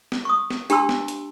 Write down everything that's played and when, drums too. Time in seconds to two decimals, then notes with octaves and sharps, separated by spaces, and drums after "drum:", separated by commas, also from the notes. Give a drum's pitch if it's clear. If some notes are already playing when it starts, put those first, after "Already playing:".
0.12 drum: snare
0.25 C#6 D#6
0.50 drum: snare
0.70 D4 G4 A5 B5 C6 E6, drum: hi-hat
0.89 drum: snare
1.08 drum: hi-hat